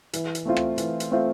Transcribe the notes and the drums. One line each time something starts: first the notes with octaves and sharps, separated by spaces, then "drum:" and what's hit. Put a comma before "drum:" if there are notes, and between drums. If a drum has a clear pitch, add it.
E3, drum: hi-hat
drum: hi-hat
A3 C4 F4
drum: rim click
E3, drum: hi-hat
drum: hi-hat
A3 C4 F4